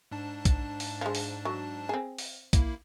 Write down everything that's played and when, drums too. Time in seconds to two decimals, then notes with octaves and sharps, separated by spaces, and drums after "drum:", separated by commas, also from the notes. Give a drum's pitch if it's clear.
0.11 G#2 D4 A5
0.45 drum: kick, hi-hat
0.80 drum: open hi-hat
1.01 F3 G#3
1.15 drum: open hi-hat
1.45 F#3
1.89 C4 G#4
2.18 drum: open hi-hat
2.53 A#3 E4, drum: kick, hi-hat